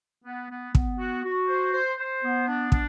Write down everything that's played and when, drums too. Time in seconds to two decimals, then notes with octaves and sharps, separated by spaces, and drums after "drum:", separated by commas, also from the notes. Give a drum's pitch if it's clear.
0.25 B3
0.50 B3
0.75 B3, drum: kick
0.99 F#4
1.24 F#4
1.48 C5
1.73 C5
1.98 C5
2.23 B3
2.48 D4
2.72 D4, drum: kick